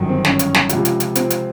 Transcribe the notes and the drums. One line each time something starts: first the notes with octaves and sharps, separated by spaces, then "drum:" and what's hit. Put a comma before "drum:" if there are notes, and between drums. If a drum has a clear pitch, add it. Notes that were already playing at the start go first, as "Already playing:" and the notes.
Already playing: G1 F#2 D#3 F#3
C4
C#4, drum: snare
drum: hi-hat
drum: snare
C#2 C3 F3, drum: hi-hat
drum: hi-hat
drum: hi-hat
C4, drum: hi-hat
drum: hi-hat